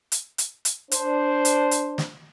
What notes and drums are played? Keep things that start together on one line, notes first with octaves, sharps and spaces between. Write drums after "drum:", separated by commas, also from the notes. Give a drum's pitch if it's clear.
drum: hi-hat
drum: hi-hat
drum: hi-hat
D4 C5, drum: hi-hat
drum: hi-hat
drum: hi-hat
drum: snare